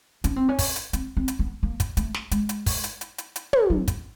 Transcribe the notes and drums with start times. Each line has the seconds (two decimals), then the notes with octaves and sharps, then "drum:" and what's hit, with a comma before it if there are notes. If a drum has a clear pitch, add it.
0.24 C#4, drum: hi-hat
0.36 C4
0.49 C#4
0.59 drum: kick, open hi-hat
0.76 drum: hi-hat
0.93 C4, drum: hi-hat
1.17 C4
1.28 drum: hi-hat
1.39 B3
1.63 A#3
1.80 drum: kick, hi-hat
1.97 A3, drum: hi-hat
2.14 drum: snare
2.31 G#3, drum: hi-hat
2.49 drum: hi-hat
2.66 drum: kick, open hi-hat
2.84 drum: hi-hat
3.01 drum: hi-hat
3.18 drum: hi-hat
3.36 drum: hi-hat
3.53 drum: tom
3.70 F#3
3.88 drum: kick, hi-hat